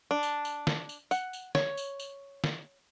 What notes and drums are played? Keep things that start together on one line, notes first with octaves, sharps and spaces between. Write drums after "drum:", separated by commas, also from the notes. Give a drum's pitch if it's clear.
D4
drum: tambourine
drum: tambourine
drum: snare
drum: tambourine
F#5, drum: tambourine
drum: tambourine
C#5, drum: snare
drum: tambourine
drum: tambourine
drum: snare